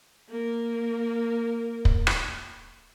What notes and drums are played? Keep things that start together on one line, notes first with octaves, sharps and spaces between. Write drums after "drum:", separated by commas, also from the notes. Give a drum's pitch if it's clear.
A#3 A#4
drum: kick
drum: rim click